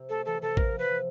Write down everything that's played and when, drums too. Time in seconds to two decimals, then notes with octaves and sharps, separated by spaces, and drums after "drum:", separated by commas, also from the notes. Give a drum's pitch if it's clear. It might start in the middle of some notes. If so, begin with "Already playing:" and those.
Already playing: C3
0.09 A3 A4
0.25 E3 A4
0.42 C3 A4
0.57 A#3 A#4, drum: kick
0.73 F3
0.78 B4
0.89 C3